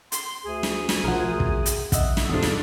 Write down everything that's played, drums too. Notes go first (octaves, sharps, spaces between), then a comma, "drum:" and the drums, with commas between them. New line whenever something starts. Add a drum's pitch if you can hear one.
C6, drum: hi-hat
D2 G#4
drum: snare
drum: snare
B1 F3 A#4 C5 F#5
drum: kick
drum: hi-hat
D#5 E5 F#5, drum: kick, hi-hat
drum: snare
E2 G#2 C3 D4 F4 A4 D#6
drum: snare